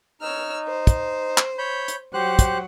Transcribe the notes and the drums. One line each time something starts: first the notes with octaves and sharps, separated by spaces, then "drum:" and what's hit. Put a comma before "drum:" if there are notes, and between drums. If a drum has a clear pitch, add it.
D#4 C#5 E6 F6
C5
drum: kick, hi-hat
drum: clap
C#5 B5 G6
drum: hi-hat
F#3 G4 C5 F#5 F#6
drum: kick, hi-hat